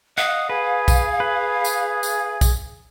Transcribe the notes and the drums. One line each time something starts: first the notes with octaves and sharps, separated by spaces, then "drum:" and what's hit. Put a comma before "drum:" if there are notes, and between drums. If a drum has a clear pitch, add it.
D#5 F5 F#5
G#4 B4
drum: kick A#1, tambourine
B4
drum: tambourine
drum: tambourine
drum: kick A#1, tambourine